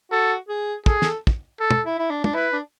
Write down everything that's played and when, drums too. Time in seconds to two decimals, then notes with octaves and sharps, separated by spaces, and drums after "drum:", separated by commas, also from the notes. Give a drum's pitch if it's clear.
0.11 F#4 A4
0.49 G#4
0.86 G#4 A4, drum: kick
1.02 A4, drum: snare
1.27 drum: kick
1.60 A4
1.71 drum: tom
1.86 E4
1.99 E4
2.10 D4
2.24 D4, drum: tom
2.34 E4 B4
2.53 D4